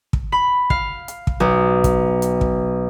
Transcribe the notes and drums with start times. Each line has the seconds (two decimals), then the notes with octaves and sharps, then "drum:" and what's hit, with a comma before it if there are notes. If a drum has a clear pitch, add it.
0.13 drum: kick
0.32 B5
0.70 F5, drum: kick
1.08 drum: hi-hat
1.27 drum: kick
1.40 B1
1.84 drum: kick, hi-hat
2.22 drum: hi-hat
2.41 drum: kick